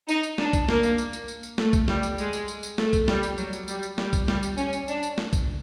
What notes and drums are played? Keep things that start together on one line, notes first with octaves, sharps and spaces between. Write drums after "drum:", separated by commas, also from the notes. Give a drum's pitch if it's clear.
D#4, drum: tambourine
drum: tambourine
D4, drum: snare
drum: kick, tambourine
A#3, drum: snare
drum: tambourine
drum: tambourine
drum: tambourine
drum: tambourine
drum: tambourine
A3, drum: snare
drum: kick, tambourine
G3, drum: snare
drum: tambourine
G#3, drum: tambourine
drum: tambourine
drum: tambourine
drum: tambourine
A3, drum: snare
drum: kick, tambourine
G3, drum: snare
drum: tambourine
F#3, drum: tambourine
drum: tambourine
G3, drum: tambourine
drum: tambourine
G3, drum: snare
drum: kick, tambourine
G3, drum: snare
drum: tambourine
C#4, drum: tambourine
drum: tambourine
D4, drum: tambourine
drum: tambourine
drum: snare
drum: kick, tambourine